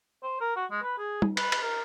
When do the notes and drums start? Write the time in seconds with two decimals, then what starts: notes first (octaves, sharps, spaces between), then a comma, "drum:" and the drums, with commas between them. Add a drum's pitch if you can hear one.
0.23 C5
0.41 A#4
0.56 F#4
0.71 G#3
0.83 B4
0.98 G#4
1.22 drum: tom
1.37 B4, drum: cymbal
1.52 drum: cymbal
1.62 A#4